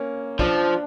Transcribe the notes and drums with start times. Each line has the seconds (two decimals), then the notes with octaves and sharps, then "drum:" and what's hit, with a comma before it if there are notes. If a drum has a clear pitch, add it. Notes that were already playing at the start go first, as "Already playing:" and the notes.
Already playing: A#3 C#4
0.39 F3 D4, drum: kick